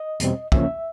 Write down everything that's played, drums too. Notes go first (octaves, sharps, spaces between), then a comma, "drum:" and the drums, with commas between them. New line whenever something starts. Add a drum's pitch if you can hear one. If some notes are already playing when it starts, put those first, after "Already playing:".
Already playing: D#5
E2 B2 G3 C4, drum: hi-hat
D#2 C#3 F3 A#3 C#4 E5, drum: kick